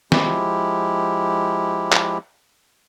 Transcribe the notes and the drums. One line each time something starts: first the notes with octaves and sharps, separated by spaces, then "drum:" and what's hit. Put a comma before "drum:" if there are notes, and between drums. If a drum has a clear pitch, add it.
F3 G#3 E4 G4, drum: snare
drum: clap